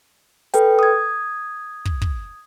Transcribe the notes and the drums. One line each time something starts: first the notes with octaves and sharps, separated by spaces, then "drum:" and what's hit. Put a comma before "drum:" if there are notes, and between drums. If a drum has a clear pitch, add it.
A4 B4 G5, drum: hi-hat
D#6 G#6
drum: kick
drum: kick